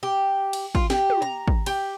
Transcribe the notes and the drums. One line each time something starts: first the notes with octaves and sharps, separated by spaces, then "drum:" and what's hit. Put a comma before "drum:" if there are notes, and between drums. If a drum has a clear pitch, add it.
G4
drum: cymbal
F4, drum: kick
G4, drum: snare
drum: tom
A#5
drum: kick
G4, drum: cymbal